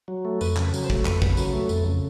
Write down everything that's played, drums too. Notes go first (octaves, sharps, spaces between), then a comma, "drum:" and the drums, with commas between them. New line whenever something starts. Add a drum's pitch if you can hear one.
F#3
A3
F2 B4, drum: tambourine
C#3, drum: clap
B4
F#3, drum: tambourine
C5
A3, drum: kick
F2 B4, drum: clap
C#3, drum: kick
F#3, drum: tambourine
A3
F2, drum: tambourine
C#3